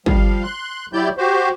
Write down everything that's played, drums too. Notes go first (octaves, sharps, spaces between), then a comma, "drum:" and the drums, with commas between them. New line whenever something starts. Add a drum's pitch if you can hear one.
F3 G3 F5, drum: kick
C6 F#6
F#3 E4 G4 D5 G6
F#4 G4 C5